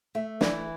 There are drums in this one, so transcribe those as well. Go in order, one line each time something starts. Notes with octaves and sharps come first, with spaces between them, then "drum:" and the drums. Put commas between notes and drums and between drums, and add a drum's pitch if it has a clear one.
A3 E5
E3 D5, drum: snare